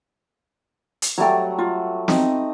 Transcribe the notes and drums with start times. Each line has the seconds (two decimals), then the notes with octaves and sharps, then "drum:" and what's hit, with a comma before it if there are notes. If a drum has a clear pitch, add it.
1.02 drum: hi-hat
1.18 F#3 G3 A3 C#5 D5 G5
1.58 F4
2.08 C4 D#4 D#6, drum: snare